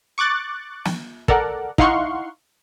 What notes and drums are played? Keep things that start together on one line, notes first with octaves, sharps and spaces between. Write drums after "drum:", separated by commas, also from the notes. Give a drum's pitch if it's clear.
C#6 D6 F#6 A6
drum: snare
A4 A#4 D5 F#5, drum: kick
D#4 E4 F5 F#5 C6 C#6, drum: kick